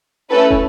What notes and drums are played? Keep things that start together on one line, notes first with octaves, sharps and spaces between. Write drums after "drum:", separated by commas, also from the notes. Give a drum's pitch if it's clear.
A3 C#4 E4 A4 B4
drum: kick